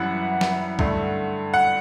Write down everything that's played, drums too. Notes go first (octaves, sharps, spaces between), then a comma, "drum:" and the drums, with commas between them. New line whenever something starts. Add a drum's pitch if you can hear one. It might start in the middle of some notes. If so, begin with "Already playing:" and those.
Already playing: F#2 E3 G3 E4 F#5
drum: snare
G2 D3 A3, drum: kick
F#5